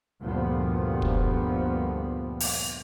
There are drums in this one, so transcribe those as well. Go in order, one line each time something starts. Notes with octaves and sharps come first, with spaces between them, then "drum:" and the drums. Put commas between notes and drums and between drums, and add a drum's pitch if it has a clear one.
D2 G2 A#2 F3 B3
drum: kick
drum: open hi-hat